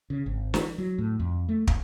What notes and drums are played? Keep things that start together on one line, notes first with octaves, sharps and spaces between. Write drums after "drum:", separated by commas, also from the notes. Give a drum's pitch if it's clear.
C#3
G#1
E3, drum: snare
F#3
A2
F2
A3
A#1, drum: kick